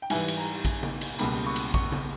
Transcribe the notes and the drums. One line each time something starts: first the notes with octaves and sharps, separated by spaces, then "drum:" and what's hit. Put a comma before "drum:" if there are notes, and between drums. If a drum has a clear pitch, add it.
G5
G#2 E3 G3 G#5, drum: cymbal
drum: cymbal
A#5
drum: kick A#1, cymbal
drum: tom C#3
drum: cymbal
C#2 B2 G3 A#3 B5, drum: cymbal
C#6
drum: cymbal
C#6, drum: kick A#1
drum: tom C#3